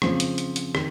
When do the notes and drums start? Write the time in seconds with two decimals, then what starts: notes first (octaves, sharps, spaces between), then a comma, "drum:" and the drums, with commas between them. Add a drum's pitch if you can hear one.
0.02 C#3 F3 C4, drum: rim click
0.20 drum: hi-hat
0.38 drum: hi-hat
0.56 drum: hi-hat
0.75 D#3, drum: rim click